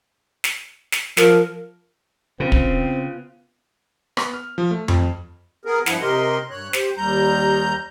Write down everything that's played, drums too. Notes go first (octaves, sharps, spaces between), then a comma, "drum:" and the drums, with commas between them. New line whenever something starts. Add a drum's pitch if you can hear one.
drum: snare
drum: snare
F3 A#4, drum: snare
C#3 B3 C4 F4
drum: kick
B3, drum: rim click
F6
F3
A3
F2, drum: tom F2
B3 G#4 A#4
G2 F3 E4 F#5, drum: snare
C3 G4 A#4 D#5 C6
G2 C#5 F#6
G4 C5, drum: snare
D#2 G3 A#5 G6